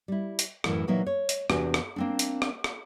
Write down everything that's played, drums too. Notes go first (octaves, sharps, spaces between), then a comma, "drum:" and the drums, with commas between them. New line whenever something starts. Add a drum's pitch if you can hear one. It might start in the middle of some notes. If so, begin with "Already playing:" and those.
G3 E4
drum: hi-hat
F#2 A2 E3 A3 A#4 B4, drum: rim click
A#2 E3 F#3 A#3 D#4 E5
C#5
drum: hi-hat
E2 C3 D4 F#4 G4 G#5, drum: rim click
drum: rim click
A#3 C4 D4
drum: hi-hat
drum: rim click
drum: rim click